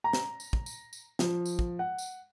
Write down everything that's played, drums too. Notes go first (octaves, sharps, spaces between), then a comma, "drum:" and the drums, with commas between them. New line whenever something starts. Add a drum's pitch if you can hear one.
A#5
drum: snare
drum: tambourine
drum: kick
drum: tambourine
drum: tambourine
F3, drum: snare
drum: tambourine
drum: kick
F#5
drum: tambourine